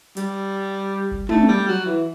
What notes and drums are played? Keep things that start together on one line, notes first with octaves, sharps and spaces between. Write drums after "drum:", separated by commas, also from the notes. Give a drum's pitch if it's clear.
G3, drum: hi-hat
drum: kick F1
A3, drum: tom
G3
F#3
E3